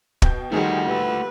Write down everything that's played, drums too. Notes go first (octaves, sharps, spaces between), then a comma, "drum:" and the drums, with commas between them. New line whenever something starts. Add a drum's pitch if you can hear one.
B2 G5 G6, drum: kick
D#3 F3 G3 A3 F#4 G#4 G5
A#2 G4 B4 E6